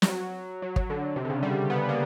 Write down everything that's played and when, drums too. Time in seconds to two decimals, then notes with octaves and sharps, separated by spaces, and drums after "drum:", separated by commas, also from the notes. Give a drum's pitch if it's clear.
0.02 G3, drum: snare
0.08 F#3
0.62 F#3
0.76 F#3, drum: kick
0.90 D3
1.16 C3
1.25 D3
1.30 C#3
1.42 G3
1.70 B3
1.89 A#3